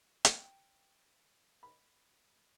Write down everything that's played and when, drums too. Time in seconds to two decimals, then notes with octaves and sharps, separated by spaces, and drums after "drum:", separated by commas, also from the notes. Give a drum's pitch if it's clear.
0.25 G5, drum: hi-hat
1.63 B5